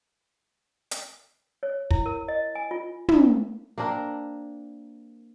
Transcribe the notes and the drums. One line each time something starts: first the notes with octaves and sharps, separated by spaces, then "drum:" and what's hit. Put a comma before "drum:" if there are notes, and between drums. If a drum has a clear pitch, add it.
drum: hi-hat
C#5
E4, drum: kick
A#4
D#5
G#5
F4
drum: tom
A#3 C4 D4 A#4